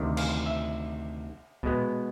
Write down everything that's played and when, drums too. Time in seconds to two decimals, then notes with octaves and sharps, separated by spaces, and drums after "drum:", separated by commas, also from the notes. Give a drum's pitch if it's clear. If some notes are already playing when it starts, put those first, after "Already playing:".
Already playing: D2 C3 D#3
0.17 F5, drum: cymbal
0.46 E5
1.63 B2 G#3 B3, drum: kick